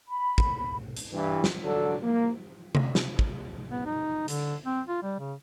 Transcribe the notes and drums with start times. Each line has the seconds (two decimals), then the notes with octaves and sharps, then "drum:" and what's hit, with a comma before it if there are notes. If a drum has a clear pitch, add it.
0.08 B5
0.38 drum: kick
0.97 drum: hi-hat
1.14 G2 E3
1.44 drum: snare
1.63 D3 F#3 D4 A4
2.03 A#3
2.75 drum: tom C3
2.95 drum: snare
3.19 drum: kick
3.71 B3
3.86 D#4
4.28 D3, drum: hi-hat
4.65 C4
4.88 F4
5.03 G3
5.19 C#3